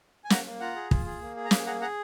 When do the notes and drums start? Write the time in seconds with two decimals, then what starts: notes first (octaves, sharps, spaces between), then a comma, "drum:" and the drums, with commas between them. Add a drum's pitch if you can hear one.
0.25 G#5
0.30 A#3 F#5 A#5, drum: snare
0.45 A#3
0.60 F4 F#5 A#5
0.76 G#4
0.91 F4, drum: kick
1.06 G#4
1.21 A#3
1.36 G#4
1.45 A#5
1.51 A#3 F5 G#5, drum: snare
1.66 G#4 F#5 A#5
1.81 G#4 F#5 A#5